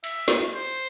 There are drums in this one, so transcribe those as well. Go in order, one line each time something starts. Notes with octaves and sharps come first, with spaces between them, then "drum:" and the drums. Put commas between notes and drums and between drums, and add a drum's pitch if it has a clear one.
E5, drum: cymbal
drum: snare
C5